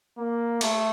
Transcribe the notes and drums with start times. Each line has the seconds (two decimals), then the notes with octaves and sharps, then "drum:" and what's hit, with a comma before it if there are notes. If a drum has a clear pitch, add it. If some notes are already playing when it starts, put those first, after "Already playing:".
0.18 A#3
0.61 A3, drum: cymbal